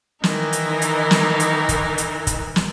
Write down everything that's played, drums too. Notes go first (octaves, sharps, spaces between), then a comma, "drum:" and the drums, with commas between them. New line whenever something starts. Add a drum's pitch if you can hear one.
D#3 E3 D#4 A#4, drum: snare
drum: hi-hat
drum: hi-hat
drum: snare
drum: hi-hat
drum: kick, hi-hat
drum: hi-hat
drum: kick, hi-hat
drum: snare